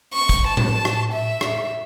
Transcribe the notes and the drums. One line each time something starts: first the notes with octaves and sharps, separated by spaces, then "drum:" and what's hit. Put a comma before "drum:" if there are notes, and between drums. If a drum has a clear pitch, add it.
C#6
drum: kick, hi-hat
A5
drum: tom A2
drum: rim click
E5
drum: rim click